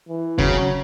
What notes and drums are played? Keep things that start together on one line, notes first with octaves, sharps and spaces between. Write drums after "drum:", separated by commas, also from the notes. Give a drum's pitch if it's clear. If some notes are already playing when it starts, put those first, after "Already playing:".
E3
C#3 F#3, drum: kick